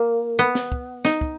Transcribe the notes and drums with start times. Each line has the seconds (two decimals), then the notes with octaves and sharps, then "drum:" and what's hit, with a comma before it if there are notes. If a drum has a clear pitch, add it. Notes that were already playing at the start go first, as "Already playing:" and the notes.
Already playing: A#3
0.39 B3
0.55 drum: snare
0.72 drum: kick
1.05 D#4, drum: snare
1.21 drum: kick